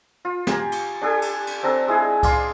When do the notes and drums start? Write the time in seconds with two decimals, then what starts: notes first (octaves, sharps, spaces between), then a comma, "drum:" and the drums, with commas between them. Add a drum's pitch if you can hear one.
0.25 F4
0.47 G4 G#5 A#5, drum: snare
0.72 drum: cymbal
1.02 D4 G4 A4 G#5
1.22 drum: cymbal
1.47 drum: cymbal
1.63 C4 D4 A4 A#5
1.88 G#3 E4 G#4
2.23 D5 F5 C6, drum: kick C2, cymbal